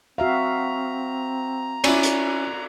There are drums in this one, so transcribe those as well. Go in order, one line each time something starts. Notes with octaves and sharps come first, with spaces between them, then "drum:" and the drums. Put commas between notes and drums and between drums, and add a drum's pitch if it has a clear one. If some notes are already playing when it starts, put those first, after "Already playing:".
C4 F#4 E5 F5 A#5
C#4 E4 D5, drum: cymbal
drum: hi-hat